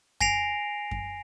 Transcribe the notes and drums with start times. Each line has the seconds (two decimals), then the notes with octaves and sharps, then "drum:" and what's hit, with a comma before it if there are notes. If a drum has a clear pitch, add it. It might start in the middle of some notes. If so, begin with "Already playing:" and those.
0.21 G#5 A#6 C7 D7 F7, drum: kick F#2
0.91 drum: kick F#2